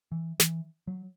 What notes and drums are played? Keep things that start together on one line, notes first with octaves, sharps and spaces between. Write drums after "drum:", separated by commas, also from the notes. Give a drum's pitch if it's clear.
E3
E3, drum: snare
F#3